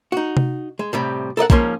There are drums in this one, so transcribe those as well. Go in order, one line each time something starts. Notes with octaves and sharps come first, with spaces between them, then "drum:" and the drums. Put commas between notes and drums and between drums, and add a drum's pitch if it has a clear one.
D#4 F#4
drum: tom C3
G#3
A2 C3 G3
A4 A#4 D#5 F#5
G#2 F3 A#3 C#4 C6, drum: kick